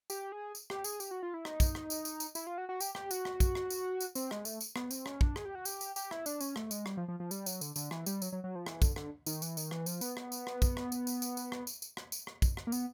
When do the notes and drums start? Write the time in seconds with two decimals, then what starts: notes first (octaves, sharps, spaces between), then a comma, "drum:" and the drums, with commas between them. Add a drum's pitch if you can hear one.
0.10 G4, drum: tambourine
0.32 G#4
0.55 drum: tambourine
0.70 G4, drum: rim click
0.84 G#4, drum: tambourine
1.00 G4, drum: tambourine
1.11 F#4
1.23 F4
1.34 E4
1.45 D#4, drum: rim click
1.60 drum: kick, tambourine
1.75 drum: rim click
1.90 drum: tambourine
2.05 drum: tambourine
2.20 drum: tambourine
2.35 E4, drum: tambourine
2.47 F4
2.58 F#4
2.69 F#4
2.80 G4, drum: tambourine
2.95 G4, drum: rim click
3.11 F#4, drum: tambourine
3.25 drum: rim click
3.40 drum: kick, tambourine
3.55 drum: rim click
3.70 drum: tambourine
4.00 drum: tambourine
4.15 C4, drum: tambourine
4.31 G#3, drum: rim click
4.45 A3, drum: tambourine
4.61 drum: tambourine
4.76 B3, drum: rim click
4.91 C4, drum: tambourine
5.06 C#4, drum: rim click
5.21 D4, drum: kick
5.36 G#4, drum: rim click
5.45 G4
5.55 F#4
5.65 G4, drum: tambourine
5.81 drum: tambourine
5.96 G4, drum: tambourine
6.11 E4, drum: rim click
6.26 D4, drum: tambourine
6.41 C#4, drum: tambourine
6.56 A3, drum: rim click
6.71 G#3, drum: tambourine
6.86 G3, drum: rim click
6.97 F3
7.08 F3
7.20 F3
7.31 G3, drum: tambourine
7.46 F#3, drum: tambourine
7.61 D3, drum: tambourine
7.76 D3, drum: tambourine
7.91 E3, drum: rim click
8.06 G3, drum: tambourine
8.22 F#3, drum: tambourine
8.32 F#3
8.44 F#3
8.55 F3
8.66 E3, drum: rim click
8.82 D3, drum: kick, tambourine
8.96 D3, drum: rim click
9.26 D#3, drum: tambourine
9.42 E3, drum: tambourine
9.57 D#3, drum: tambourine
9.71 E3, drum: rim click
9.86 F3, drum: tambourine
10.01 B3, drum: tambourine
10.17 drum: rim click
10.32 drum: tambourine
10.47 drum: rim click
10.62 drum: kick, tambourine
10.77 drum: rim click
10.92 drum: tambourine
11.07 drum: tambourine
11.22 drum: tambourine
11.37 drum: tambourine
11.52 drum: rim click
11.67 drum: tambourine
11.82 drum: tambourine
11.97 drum: rim click
12.12 drum: tambourine
12.27 drum: rim click
12.42 drum: kick, tambourine
12.57 drum: rim click
12.67 A#3
12.72 B3, drum: tambourine